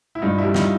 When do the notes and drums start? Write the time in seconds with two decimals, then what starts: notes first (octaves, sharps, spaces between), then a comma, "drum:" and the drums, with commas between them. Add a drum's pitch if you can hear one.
0.15 E4
0.22 G2 D#4 F4
0.38 D4 E4
0.44 G3
0.54 D#4 F4, drum: snare